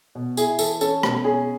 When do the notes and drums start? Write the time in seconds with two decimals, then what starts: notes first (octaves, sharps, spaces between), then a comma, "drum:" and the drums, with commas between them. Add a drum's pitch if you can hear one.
0.15 B2
0.37 E4 G#4, drum: tambourine
0.59 E3 A4, drum: tambourine
0.81 C#4 A4, drum: tambourine
1.03 B2, drum: rim click
1.24 C#4 G#4